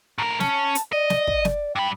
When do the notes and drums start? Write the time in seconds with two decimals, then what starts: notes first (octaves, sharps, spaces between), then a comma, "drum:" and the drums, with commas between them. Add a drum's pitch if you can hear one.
0.18 A2 A#4 A#5
0.40 C#4 A5, drum: snare
0.75 drum: hi-hat
0.92 D5 D#5
1.10 drum: snare
1.27 drum: kick
1.45 drum: snare
1.76 G2 G5 B5